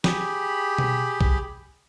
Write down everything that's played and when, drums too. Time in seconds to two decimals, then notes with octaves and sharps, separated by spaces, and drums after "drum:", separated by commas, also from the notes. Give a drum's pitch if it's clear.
0.04 G4 G#4 B5, drum: snare
0.78 drum: tom B2
1.21 drum: kick B1